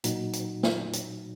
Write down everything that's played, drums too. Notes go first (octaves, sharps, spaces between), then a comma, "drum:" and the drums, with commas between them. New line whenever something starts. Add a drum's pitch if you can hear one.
A#2 F#3 D#4 F#4, drum: hi-hat
drum: hi-hat
drum: snare
drum: hi-hat